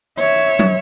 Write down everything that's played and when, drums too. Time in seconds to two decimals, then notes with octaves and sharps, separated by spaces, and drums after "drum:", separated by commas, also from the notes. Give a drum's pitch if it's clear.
0.19 C#5 E5
0.59 drum: tom